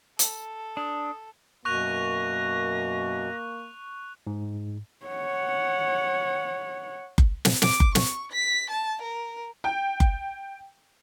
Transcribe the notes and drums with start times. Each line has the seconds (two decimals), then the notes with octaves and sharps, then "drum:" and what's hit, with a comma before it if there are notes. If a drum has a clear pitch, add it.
0.19 A4, drum: hi-hat
0.77 D4 D#6
1.65 F#2 B2 A#3 C#6 F#6 A#6 F7
4.27 G#2
5.06 C#5 F#5
7.18 drum: kick F#1
7.45 drum: snare
7.62 D6, drum: snare
7.80 drum: kick F#1
7.95 C#6, drum: snare
8.33 B6
8.70 A5
9.02 A#4
9.64 G5
10.00 drum: kick F#1